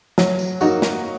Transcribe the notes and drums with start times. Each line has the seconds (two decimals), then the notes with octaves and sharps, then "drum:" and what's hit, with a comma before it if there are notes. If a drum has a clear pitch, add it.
0.18 F#3, drum: snare
0.39 drum: tambourine
0.61 A#3 D#4 F#4, drum: tambourine
0.82 drum: snare